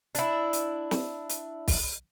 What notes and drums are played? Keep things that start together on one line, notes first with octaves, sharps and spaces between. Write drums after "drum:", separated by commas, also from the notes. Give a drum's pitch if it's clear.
D4 E4, drum: hi-hat
drum: hi-hat
drum: snare
drum: hi-hat
drum: kick, open hi-hat